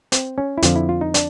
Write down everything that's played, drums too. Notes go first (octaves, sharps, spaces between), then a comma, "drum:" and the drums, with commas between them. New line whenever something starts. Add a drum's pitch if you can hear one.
C4, drum: hi-hat
C#4
E4
F2 D3 F3 F4, drum: hi-hat
E4
F4
D#4
D4, drum: hi-hat